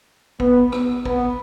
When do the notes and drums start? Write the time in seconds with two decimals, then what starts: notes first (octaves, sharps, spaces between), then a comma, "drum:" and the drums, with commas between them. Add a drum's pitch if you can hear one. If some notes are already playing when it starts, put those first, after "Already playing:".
0.40 B3, drum: kick A1
0.72 drum: rim click
1.05 B3, drum: kick A1